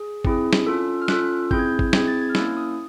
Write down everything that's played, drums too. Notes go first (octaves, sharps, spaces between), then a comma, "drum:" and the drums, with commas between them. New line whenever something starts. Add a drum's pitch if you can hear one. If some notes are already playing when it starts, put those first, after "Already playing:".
Already playing: G#4
C4 E4 G#4, drum: kick G#1
drum: snare
C#4 F4 A4
F6
C#4 F4 A4 F#6, drum: snare
C4 E4 G#4 G6, drum: kick G#1
G#6
G6
drum: kick G#1
C4 E4 G#4 G#6, drum: snare
A6
G#6
F6
A#3 C#4 E4 E6, drum: snare
D#6